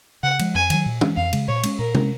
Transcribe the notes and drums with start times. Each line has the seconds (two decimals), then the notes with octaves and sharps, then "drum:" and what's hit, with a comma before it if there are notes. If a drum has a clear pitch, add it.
0.23 C#3 F#5
0.39 F3 G#3, drum: cymbal
0.55 F2 G#5
0.70 D#3 F#3, drum: cymbal
0.86 A#2
1.01 G#3 C#4, drum: tom
1.17 F2 F5
1.33 C#3 G#3, drum: cymbal
1.48 A#2 C#5
1.63 G#3 C#4, drum: cymbal
1.79 A#2 A#4
1.95 G#3 C#4, drum: tom C3